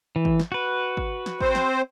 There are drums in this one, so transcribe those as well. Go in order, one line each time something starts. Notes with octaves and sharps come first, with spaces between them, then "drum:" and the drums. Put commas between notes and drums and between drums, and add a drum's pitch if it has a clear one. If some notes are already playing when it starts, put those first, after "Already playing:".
E3
drum: kick G#1
drum: snare
F#4 B4
drum: kick G#1
drum: snare
C4 C5, drum: kick G#1
drum: snare